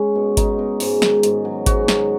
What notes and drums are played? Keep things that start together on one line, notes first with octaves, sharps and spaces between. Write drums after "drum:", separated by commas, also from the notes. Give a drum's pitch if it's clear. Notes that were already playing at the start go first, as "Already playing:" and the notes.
Already playing: G#3 C#4
B2
B2 D#4, drum: kick G#1, hi-hat
B2
G#2, drum: open hi-hat
D#3, drum: snare
G#2, drum: hi-hat
F#3
G#2 F#4, drum: kick G#1, hi-hat
F#3, drum: snare